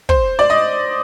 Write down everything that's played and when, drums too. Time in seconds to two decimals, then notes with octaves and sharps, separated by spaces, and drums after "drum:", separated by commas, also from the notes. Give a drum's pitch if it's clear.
0.09 C5, drum: kick
0.39 D5
0.50 D#5